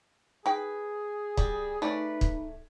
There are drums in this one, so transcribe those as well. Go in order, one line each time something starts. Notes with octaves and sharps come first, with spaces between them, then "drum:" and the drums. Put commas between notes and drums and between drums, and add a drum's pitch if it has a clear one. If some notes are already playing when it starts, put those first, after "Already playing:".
D#4 G#4 B4 G5
G3, drum: kick
C#3 A3 C#4 D#4 B4 D5
drum: kick